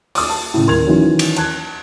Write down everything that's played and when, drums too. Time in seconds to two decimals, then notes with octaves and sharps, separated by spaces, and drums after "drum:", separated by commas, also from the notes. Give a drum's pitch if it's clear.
0.15 D6 D#6, drum: open hi-hat
0.29 A5
0.54 A2 C#3
0.67 D#1 A#4 C6 G#6 F7
0.87 D#3 E3 F#3 C#4
1.19 drum: cymbal
1.37 A5 F#6 G#6, drum: hi-hat